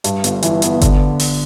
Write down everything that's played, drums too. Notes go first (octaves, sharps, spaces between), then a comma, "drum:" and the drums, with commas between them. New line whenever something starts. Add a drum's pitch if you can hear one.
G2, drum: hi-hat
G1, drum: hi-hat
E3, drum: hi-hat
B3, drum: hi-hat
D3, drum: kick G1, hi-hat
drum: open hi-hat